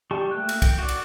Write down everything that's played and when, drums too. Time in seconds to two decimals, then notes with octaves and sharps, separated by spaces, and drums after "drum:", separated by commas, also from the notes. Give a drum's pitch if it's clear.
0.11 G3 G4 A5 C#6
0.31 A3 A#3 G5 F#6
0.49 drum: cymbal
0.62 G5, drum: kick, cymbal
0.78 F#4 D5
0.89 drum: cymbal